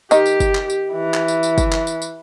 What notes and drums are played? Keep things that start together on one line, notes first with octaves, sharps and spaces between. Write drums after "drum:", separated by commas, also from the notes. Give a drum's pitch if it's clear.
D#3 D#4 G4, drum: tambourine
drum: tambourine
drum: kick, tambourine
drum: clap
drum: tambourine
E3
drum: clap
drum: tambourine
drum: tambourine
drum: kick, tambourine
drum: clap
drum: tambourine
drum: tambourine